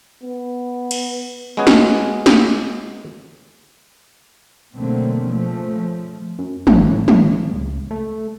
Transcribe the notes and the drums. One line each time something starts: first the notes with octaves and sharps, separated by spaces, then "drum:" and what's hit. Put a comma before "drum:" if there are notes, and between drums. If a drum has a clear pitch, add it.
B3
drum: cymbal
G#3 B3 C#4 F#4 G#4
drum: snare
drum: snare
B2 D3 F#3 A3 A#3 C4
C#3 F3 A3
F#2
A1, drum: tom
A2
drum: tom
C#2
A3